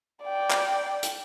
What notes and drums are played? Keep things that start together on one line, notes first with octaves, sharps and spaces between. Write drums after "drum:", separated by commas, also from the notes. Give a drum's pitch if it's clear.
D5 G5
drum: clap
drum: hi-hat